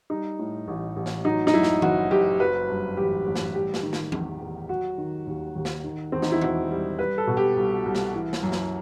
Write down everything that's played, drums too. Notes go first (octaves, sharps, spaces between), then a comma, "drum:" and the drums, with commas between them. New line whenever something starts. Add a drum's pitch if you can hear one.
G3 D#4
A2
A1
A1
drum: snare
F#3 D#4
D#4, drum: snare
F#2 E4
drum: snare
F#1 F#4, drum: tom D#3
F#1 G4
F#3 B4
G2
A1 G4
A1
drum: snare
G3 G4
drum: snare
D#3
drum: snare
E2, drum: tom F3
E2
F#3 F#4
D#3
D#2
D#2
drum: snare
D#3
E2 C4
D#4, drum: snare
E4
E1 F#4, drum: tom D#3
G3
G3 B4
A4
B2
G4
C2
C2
drum: snare
E3
drum: snare
F#2
drum: snare